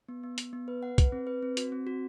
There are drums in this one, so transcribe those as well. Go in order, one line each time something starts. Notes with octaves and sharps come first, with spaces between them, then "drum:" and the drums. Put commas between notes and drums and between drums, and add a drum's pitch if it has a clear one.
B3
B3
B3, drum: hi-hat
B3
B4
F#5
B4, drum: kick, hi-hat
C4
B4
C4
F#4, drum: hi-hat
C4
F#4